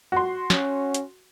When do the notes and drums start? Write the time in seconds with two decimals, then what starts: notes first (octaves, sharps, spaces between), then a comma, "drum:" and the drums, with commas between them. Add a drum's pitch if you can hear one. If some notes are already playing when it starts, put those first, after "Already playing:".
0.12 F#4 C6
0.50 C#4, drum: snare
0.94 drum: hi-hat